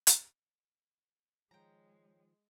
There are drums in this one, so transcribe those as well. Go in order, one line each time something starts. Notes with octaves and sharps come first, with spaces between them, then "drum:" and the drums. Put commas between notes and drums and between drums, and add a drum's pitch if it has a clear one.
drum: hi-hat
D#3 F3 G#3 C#5 G5 A#5